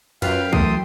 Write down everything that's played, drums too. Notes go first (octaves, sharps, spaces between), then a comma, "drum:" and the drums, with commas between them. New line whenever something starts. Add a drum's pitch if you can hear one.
F#2 F4 B4 F5 G5, drum: cymbal
E3 A3 C6 D#6, drum: kick